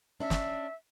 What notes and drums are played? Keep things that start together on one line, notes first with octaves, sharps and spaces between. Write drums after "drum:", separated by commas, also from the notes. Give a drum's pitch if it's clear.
C#4 D4 E5
drum: snare